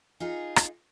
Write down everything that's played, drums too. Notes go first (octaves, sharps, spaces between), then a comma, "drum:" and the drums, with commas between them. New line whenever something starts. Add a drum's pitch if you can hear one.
D#4 F4 G#4
drum: rim click